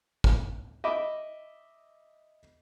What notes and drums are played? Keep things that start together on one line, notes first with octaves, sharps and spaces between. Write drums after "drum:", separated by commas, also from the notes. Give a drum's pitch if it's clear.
drum: kick
D#5 E5 B5 D6